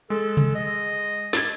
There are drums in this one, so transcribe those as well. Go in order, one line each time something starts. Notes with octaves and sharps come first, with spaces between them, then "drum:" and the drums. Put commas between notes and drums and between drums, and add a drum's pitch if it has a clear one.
G#3 A4
drum: tom C3
D#5
G#6 A6, drum: snare